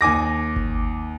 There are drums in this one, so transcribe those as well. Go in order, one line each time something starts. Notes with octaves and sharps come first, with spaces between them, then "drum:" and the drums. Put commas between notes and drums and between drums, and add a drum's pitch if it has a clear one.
D#2 G#5 D6 A#6
drum: kick G1